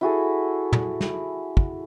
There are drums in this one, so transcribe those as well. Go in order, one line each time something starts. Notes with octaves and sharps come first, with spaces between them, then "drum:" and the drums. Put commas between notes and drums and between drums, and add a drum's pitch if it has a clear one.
E4 F#4 G#4 A4
drum: tom
drum: snare
drum: kick